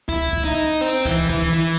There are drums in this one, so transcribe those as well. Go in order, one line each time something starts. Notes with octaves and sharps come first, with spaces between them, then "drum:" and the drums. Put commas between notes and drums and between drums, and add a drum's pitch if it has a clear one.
E4, drum: kick
drum: kick
D#4
C4
E3, drum: kick
E3, drum: kick
E3